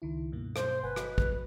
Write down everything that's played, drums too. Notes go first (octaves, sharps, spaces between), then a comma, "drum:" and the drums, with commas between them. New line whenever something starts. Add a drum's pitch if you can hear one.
C#2 D#3 E4
G2 B2 A#3
C5, drum: rim click
G1 B4 F#5 G#5
F#4 D#5 B5, drum: rim click
drum: kick